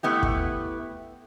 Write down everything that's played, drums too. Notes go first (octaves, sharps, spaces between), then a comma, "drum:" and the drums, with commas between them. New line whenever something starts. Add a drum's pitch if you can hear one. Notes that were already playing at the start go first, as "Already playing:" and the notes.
A3 B3 E4 G4
drum: kick